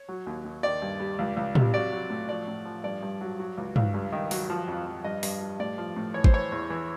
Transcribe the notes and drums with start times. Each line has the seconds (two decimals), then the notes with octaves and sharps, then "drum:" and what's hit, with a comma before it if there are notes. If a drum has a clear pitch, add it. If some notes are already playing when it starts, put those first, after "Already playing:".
Already playing: C#5
0.08 F#3
0.27 D#2
0.45 D#2
0.63 D#3 D5
0.82 G2
1.00 G3
1.19 C#2
1.37 C#2
1.55 C3, drum: tom
1.74 F#3 D5
1.92 F#3
2.10 A2
2.29 F3 D5
2.47 A2
2.65 F3
2.84 G2 D5
3.03 G2
3.21 F#3
3.39 F#3
3.58 C#2
3.76 C#2, drum: tom
3.94 G2
4.12 D#3
4.31 F#3, drum: open hi-hat
4.50 F3
4.68 F2
4.86 F3
5.04 G2 D#5
5.23 G2, drum: open hi-hat
5.41 G3
5.59 A2 D5
5.78 F3
5.96 A2
6.14 E3 C#5
6.24 C5, drum: kick G#1
6.34 E3 C#5
6.52 E2
6.70 E3